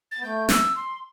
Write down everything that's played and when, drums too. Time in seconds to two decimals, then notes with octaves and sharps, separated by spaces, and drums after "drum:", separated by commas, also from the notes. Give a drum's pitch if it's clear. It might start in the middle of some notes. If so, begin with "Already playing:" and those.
0.11 A6
0.18 B3
0.23 A3 G6
0.49 E6, drum: snare
0.76 C6